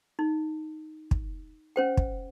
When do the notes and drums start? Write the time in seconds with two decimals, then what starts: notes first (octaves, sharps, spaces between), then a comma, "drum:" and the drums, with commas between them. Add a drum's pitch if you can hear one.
0.19 D#4
1.11 drum: kick
1.76 C#4 C5 G5
1.97 drum: kick